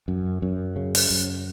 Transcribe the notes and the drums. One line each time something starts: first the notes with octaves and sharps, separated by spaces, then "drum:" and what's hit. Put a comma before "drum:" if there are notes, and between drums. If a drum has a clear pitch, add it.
F#2
F#2
C#3
drum: open hi-hat
F#2